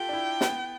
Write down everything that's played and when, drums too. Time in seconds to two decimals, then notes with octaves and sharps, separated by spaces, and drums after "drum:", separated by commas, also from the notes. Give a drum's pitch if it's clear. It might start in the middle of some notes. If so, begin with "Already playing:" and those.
Already playing: F4 G4 A4 G5
0.09 D4
0.13 E4
0.41 B3, drum: snare